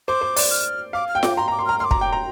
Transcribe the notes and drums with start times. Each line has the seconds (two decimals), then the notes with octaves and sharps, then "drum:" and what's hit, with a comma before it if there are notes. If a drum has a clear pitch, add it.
0.08 C5 D6
0.21 C5
0.36 D5, drum: open hi-hat
0.51 F6
0.93 F5 D6
1.09 F6
1.15 G5
1.23 D6, drum: snare F4
1.37 A#5 C6
1.48 A#5 D6
1.59 C6
1.66 A#5 F6
1.80 C6 D6 F6
1.91 A#5, drum: kick
2.01 G5
2.13 A#5